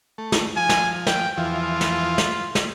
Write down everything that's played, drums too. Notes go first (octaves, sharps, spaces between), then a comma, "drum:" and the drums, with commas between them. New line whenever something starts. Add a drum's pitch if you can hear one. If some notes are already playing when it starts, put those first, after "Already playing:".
A3
drum: snare
F3 G#5
drum: snare
G5, drum: snare
E2 E3 F3 F4
drum: snare
drum: snare
drum: snare